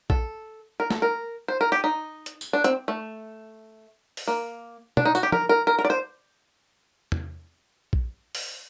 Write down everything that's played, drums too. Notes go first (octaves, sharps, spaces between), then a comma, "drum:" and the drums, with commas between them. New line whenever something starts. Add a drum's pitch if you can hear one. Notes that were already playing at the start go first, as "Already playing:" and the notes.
A4, drum: kick A#1
A#4
A4, drum: snare
A#4
C5
A#4
G4
D#4
drum: hi-hat
drum: tambourine
D4
C4, drum: hi-hat
A3
drum: open hi-hat
A#3
D4, drum: tom
D#4
F#4, drum: tambourine
G4
A#4, drum: tom
A#4
A#4
A#4
D5
C5
drum: tom E2
drum: kick A#1
drum: open hi-hat